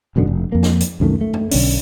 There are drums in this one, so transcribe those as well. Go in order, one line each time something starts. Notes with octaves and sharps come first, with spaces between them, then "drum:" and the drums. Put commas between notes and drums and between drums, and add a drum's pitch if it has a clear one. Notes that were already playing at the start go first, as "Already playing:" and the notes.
E1 F#2 B2 D3
F1
F2 A#3
drum: snare
drum: hi-hat
C2 F#2 D#3 A3
A3
drum: tom F#2
B1 D3 C#4 D4, drum: open hi-hat